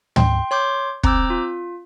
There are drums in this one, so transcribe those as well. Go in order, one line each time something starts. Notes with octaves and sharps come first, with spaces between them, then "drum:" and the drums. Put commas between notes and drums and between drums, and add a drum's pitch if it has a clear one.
G5 C6, drum: tom
C#5 C6 D6 G6
C4 A#5 D6 E6 G6, drum: kick
F4